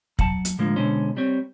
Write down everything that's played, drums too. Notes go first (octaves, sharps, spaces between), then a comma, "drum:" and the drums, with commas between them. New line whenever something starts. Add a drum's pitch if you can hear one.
F#3 F#5 A5, drum: kick
drum: hi-hat
A2 D3 F3 G#3 A#3
B2 D3 G#3 C#4 C5
G3 C4 C#5